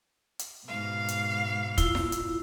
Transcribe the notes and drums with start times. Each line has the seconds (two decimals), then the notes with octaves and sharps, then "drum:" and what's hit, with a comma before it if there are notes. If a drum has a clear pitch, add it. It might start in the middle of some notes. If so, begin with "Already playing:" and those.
0.39 drum: hi-hat
0.67 G#2 B2 F5
1.08 drum: hi-hat
1.78 E4 F4, drum: kick, hi-hat
1.95 drum: snare E4
2.12 drum: hi-hat